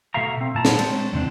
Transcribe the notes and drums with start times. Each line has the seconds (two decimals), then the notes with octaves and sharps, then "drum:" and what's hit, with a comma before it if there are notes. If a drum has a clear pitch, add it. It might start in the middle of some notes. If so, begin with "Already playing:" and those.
0.14 B2 A3 E5 F5 A#5
0.41 C4
0.55 A#2 A5 A#5
0.65 drum: snare
0.79 G#3 C4 D4 C#5, drum: cymbal
1.13 E2 C3 D4